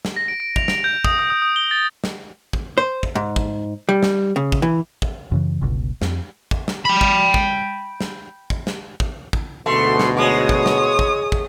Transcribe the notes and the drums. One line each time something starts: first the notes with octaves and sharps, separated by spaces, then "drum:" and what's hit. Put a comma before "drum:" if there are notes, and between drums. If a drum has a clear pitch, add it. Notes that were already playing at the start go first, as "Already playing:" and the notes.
drum: snare
A#6
D7
D7
F7, drum: kick
D7, drum: snare
G6
D#6, drum: kick
D#6
D#6
D#6
G7
A6
drum: snare
drum: kick
C5
drum: kick
G#2
drum: kick
G3
drum: snare
C#3
drum: kick
E3
drum: kick
F#2 C#3 E3
G1 C#2 B2
F2, drum: snare
drum: kick
drum: snare
G5 B5
drum: kick
drum: kick
drum: snare
drum: kick
drum: snare
drum: kick
drum: kick
D2 G#2 B2 A3 C6
drum: snare
G#3 C#5 D#6
drum: kick
drum: snare
drum: kick
drum: kick